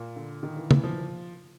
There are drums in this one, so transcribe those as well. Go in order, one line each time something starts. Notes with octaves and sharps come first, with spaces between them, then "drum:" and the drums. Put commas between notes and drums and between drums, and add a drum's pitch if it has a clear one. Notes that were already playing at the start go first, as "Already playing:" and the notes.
Already playing: A#2
D3
D#3
E3
E3, drum: tom
F3